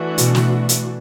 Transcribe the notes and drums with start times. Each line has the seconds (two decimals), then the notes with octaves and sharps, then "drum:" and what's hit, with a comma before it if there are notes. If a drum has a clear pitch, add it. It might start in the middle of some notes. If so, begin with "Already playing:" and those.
Already playing: E3 A3 D4 F#4
0.18 B2, drum: hi-hat
0.35 drum: snare
0.69 drum: hi-hat